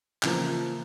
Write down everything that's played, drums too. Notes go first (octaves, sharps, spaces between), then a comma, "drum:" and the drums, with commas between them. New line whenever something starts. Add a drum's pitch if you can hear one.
C#3 E3 F3 A#3, drum: clap